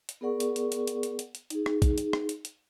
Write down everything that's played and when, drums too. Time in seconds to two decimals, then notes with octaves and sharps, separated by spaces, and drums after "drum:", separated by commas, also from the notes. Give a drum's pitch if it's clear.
0.09 drum: hi-hat
0.21 B3 G#4 A#4 D5 F#5 C#6
0.40 drum: hi-hat
0.56 drum: hi-hat
0.72 drum: hi-hat
0.87 drum: hi-hat
1.03 drum: hi-hat
1.19 drum: hi-hat
1.35 drum: hi-hat
1.50 D#4 G#4, drum: hi-hat
1.66 drum: rim click
1.82 drum: kick B1, hi-hat
1.98 drum: hi-hat
2.13 drum: rim click
2.29 drum: hi-hat
2.45 drum: hi-hat